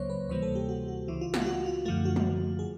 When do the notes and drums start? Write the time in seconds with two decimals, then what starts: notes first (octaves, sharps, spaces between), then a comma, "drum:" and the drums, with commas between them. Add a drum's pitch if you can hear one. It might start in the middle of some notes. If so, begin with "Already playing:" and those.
Already playing: C#2 C#3 F#3 A#3 C5 C#5
0.10 B4
0.29 D2 C3 E3 G3 A#3 C5
0.42 A4
0.55 G4
0.69 F#4
0.88 F#4
1.08 C#2 C#3 E3 E4
1.21 F4
1.34 F#4, drum: snare
1.41 F4
1.46 F#4
1.66 F4
1.85 F#2 D3 F3 A3 F4
2.05 F#4
2.16 drum: tom
2.59 G#4